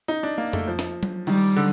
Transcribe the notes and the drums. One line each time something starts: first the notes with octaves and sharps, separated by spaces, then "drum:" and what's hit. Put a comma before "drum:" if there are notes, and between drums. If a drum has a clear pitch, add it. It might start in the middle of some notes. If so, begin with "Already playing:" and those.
D#4
D4
A#3
A3, drum: tom F2
F3
drum: snare
drum: tom F#3
D#3 G3, drum: cymbal
D3